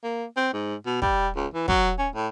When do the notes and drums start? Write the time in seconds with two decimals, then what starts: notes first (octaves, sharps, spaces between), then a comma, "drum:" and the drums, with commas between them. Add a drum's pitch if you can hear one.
0.04 A#3
0.37 C4
0.54 G#2
0.86 B2
1.02 G3, drum: kick
1.36 C#2
1.54 E3
1.68 F#3, drum: kick
1.99 C#4
2.15 A2